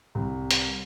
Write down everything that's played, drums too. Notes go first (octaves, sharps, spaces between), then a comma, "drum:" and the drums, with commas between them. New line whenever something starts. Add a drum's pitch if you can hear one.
C2
drum: hi-hat